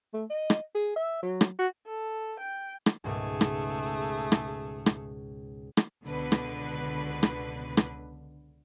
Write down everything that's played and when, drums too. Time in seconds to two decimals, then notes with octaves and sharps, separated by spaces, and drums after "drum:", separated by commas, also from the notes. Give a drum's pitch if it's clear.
0.14 A3
0.30 D#5
0.50 drum: rim click
0.75 G#4
0.96 E5
1.22 F#3
1.41 drum: rim click
1.59 F#4
1.87 A4
2.40 G5
2.86 drum: rim click
3.04 C#2 G#2 B2 A3 G#4
3.41 drum: rim click
4.32 drum: rim click
4.86 drum: rim click
5.77 drum: rim click
6.05 C#2 B2 D3 B4
6.32 drum: rim click
7.23 drum: rim click
7.77 drum: rim click